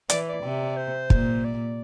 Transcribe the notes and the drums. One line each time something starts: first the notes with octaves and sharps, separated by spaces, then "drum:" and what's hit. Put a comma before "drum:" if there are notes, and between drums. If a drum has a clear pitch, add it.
E3 D5, drum: hi-hat
D5
C3
C5
A#2, drum: kick
D5